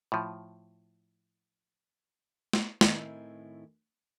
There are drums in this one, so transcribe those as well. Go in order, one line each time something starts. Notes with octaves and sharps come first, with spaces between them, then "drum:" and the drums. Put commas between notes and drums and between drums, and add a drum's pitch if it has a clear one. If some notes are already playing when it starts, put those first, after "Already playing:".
A2 F3
drum: snare
A2 D#3 C4 E4 G#5, drum: snare